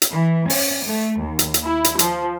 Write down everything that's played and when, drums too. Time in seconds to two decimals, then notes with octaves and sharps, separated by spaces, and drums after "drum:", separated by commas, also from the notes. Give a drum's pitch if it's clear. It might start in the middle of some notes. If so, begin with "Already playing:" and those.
0.02 drum: hi-hat
0.12 E3
0.50 C#4, drum: open hi-hat
0.86 A3
1.24 D#2
1.39 drum: hi-hat
1.54 drum: hi-hat
1.64 E4
1.84 drum: hi-hat
1.99 F3, drum: hi-hat